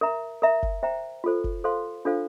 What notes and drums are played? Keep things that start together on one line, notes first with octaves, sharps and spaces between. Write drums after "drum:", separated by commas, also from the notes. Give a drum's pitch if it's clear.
A#4 E5 A#5
A#4 E5 A#5
drum: kick
C5 E5 G5 A#5
F4 A4 C5
drum: kick
A4 C5 F5 C6
D4 F4 A4 C5 F5